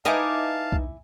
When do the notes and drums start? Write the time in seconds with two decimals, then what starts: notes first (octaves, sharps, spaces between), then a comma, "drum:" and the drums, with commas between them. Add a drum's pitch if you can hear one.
0.05 D#4 E4 B4 D#5 F5 G#5 A5 D6
0.72 drum: kick